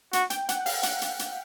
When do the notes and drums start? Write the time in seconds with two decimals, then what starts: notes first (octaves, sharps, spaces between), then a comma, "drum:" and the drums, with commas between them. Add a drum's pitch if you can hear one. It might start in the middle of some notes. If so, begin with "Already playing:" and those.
0.13 F#4, drum: hi-hat
0.30 G5, drum: hi-hat
0.49 F#5, drum: hi-hat
0.66 F5, drum: open hi-hat
0.83 F#5, drum: hi-hat
1.02 drum: hi-hat
1.19 drum: hi-hat